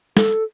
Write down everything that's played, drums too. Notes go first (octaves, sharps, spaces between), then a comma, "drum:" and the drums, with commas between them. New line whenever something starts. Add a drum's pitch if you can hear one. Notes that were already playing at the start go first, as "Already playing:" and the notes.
A4, drum: snare